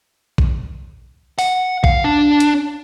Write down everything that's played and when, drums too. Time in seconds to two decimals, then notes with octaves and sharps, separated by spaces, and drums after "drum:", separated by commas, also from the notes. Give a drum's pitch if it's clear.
0.38 drum: kick
1.39 F#5, drum: open hi-hat
1.84 F5, drum: kick
2.04 D4
2.40 drum: hi-hat